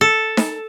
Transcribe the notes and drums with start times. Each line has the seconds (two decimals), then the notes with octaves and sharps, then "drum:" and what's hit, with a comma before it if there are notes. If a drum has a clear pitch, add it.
0.01 A4
0.37 drum: snare D#4